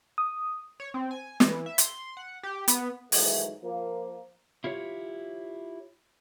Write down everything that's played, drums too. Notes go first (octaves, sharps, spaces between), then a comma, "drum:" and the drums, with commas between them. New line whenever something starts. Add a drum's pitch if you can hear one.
D#6
C#5
C4
G#5
E3, drum: snare
E5
C6, drum: hi-hat
F#5
G4
B3, drum: hi-hat
G#2 D#3 E3 F#3 G#3 A3, drum: open hi-hat
F3 A#3
E4 F4 G4 C#5